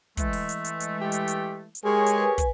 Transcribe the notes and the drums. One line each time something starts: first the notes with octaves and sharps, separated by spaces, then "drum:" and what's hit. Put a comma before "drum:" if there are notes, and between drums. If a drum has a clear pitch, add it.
E3 G#3 A3, drum: kick, hi-hat
drum: open hi-hat
drum: hi-hat
drum: hi-hat
drum: hi-hat
G4
drum: hi-hat
drum: hi-hat
drum: hi-hat
G#3 G4 G#4 A#4 C#5
drum: hi-hat
B4 G#5
drum: kick, hi-hat